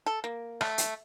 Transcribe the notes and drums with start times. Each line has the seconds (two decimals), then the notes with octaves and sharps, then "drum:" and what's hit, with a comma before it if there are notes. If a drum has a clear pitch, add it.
0.06 A4
0.24 A#3
0.61 A3, drum: rim click
0.78 drum: hi-hat